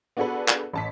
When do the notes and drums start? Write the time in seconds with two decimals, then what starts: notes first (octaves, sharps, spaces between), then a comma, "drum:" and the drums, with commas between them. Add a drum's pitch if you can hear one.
0.17 B3 D4 F#4 G#4 A4 B4
0.48 drum: clap
0.73 A1 A5 B6